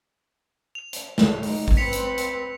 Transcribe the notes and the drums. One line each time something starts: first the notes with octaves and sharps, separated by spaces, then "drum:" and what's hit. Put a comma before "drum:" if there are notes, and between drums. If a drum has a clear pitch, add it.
F7
drum: hi-hat
drum: snare
D#4, drum: open hi-hat
drum: kick
C4 B4 B6 C#7 F7
drum: hi-hat
drum: hi-hat